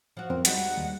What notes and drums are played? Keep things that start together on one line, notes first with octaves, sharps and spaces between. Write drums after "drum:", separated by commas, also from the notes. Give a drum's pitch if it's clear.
F3 F#4
F2 C4 A#4
G3 G#3 D#4 F#4 F#5, drum: hi-hat
D#2